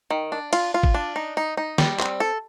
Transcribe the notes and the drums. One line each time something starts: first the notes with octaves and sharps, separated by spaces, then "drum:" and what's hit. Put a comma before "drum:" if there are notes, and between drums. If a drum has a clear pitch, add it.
D#3
D4
F4, drum: cymbal
F4
drum: kick
D4
D#4
D#4
D#4
G3, drum: snare
C4, drum: clap
A4